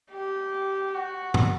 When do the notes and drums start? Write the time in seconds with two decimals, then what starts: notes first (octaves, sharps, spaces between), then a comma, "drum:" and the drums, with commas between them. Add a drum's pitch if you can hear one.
0.11 G4
0.95 F#4
1.34 drum: tom